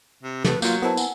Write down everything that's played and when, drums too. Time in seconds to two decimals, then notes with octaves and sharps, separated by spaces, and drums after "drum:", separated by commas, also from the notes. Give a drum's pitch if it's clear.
0.23 C3
0.44 C3 A3 B4, drum: snare
0.62 F#3 A#3 F4 G6, drum: tambourine
0.82 B3 E4 A#4 C5 A5
0.97 F#5 G#5, drum: tambourine